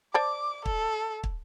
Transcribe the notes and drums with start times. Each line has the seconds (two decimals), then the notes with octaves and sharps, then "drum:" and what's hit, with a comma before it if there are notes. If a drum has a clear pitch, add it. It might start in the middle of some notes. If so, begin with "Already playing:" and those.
0.14 C5 D5 A5 D6
0.66 A4, drum: kick
1.24 drum: kick